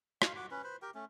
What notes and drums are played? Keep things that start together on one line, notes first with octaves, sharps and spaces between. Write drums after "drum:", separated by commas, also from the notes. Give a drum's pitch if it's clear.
F5, drum: rim click
F#4 D6
C#4 B4
B4 C5
G4 A#4 G5
A3 C#4